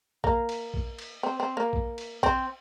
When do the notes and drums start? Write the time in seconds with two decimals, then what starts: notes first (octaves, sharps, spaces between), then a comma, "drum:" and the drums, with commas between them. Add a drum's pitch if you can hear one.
0.24 A#3, drum: kick A#1
0.49 drum: cymbal
0.74 drum: kick A#1
0.99 drum: cymbal
1.23 C4
1.40 C4
1.57 A#3
1.73 drum: kick A#1
1.98 drum: cymbal
2.23 C4, drum: kick A#1